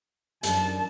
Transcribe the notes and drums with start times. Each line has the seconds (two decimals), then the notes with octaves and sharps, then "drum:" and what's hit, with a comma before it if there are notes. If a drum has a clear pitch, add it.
0.43 F#2 D4 A5, drum: hi-hat